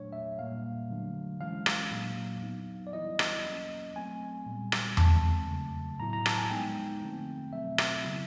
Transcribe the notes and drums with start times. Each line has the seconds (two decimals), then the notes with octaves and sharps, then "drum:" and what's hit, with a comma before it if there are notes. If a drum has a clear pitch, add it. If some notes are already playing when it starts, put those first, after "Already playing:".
Already playing: A#2 F#3 A3 D4 C#5
0.13 E5
0.39 A#2 G3 A#3 F5
0.90 D3 F#3 A3 D4
1.40 E3 G#3 C#4 E4 F5
1.66 drum: rim click
1.91 A#2 F#3 A#3 D4
2.43 F#3 B3 D#4
2.87 D5
2.93 E3 G3 B3 E4 D#5
3.19 drum: rim click
3.45 F#3 A#3 C#4
3.96 F#3 A3 C4 G#5
4.46 A#2 G3 B3
4.72 drum: rim click
4.97 E3 G#3 C4 A5, drum: tom E2
5.48 C#3 F#3 A3
5.99 A2 F#3 B3 E4 A#5
6.13 A#5
6.26 A5, drum: rim click
6.38 G#5
6.50 F3 G#3 B3 D#4 G5
7.01 D3 F3 A3 C4
7.52 B2 F#3 A3 C4 E5
7.78 drum: rim click
8.04 C#3 F#3 B3 E4